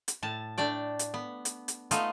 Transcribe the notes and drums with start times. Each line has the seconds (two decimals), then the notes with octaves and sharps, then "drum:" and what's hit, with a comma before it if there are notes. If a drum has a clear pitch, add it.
0.08 drum: hi-hat
0.23 A2 A5
0.58 A3 D4 D5 G5
0.99 drum: hi-hat
1.14 B3
1.45 drum: hi-hat
1.68 drum: hi-hat
1.91 A3 B3 D#4 F4, drum: hi-hat